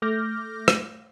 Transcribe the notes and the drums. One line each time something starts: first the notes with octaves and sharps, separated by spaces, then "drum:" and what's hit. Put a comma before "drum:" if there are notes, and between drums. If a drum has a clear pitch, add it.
A3 D6 F6 G6 A#6
drum: rim click